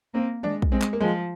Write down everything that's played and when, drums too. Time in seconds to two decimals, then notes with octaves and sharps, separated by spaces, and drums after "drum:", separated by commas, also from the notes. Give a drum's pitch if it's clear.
0.14 A#3 C4
0.43 G#3 D4, drum: tom D#3
0.62 drum: kick
0.72 G#3 C4
0.82 drum: clap
0.93 A#3
1.00 F3 G#3